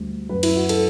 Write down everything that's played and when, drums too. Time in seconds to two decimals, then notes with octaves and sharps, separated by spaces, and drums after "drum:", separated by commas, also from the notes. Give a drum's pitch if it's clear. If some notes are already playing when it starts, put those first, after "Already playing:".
Already playing: D2 D3 G3
0.29 F#2 F#3 B4
0.43 E4, drum: cymbal
0.56 F#4
0.69 A4, drum: cymbal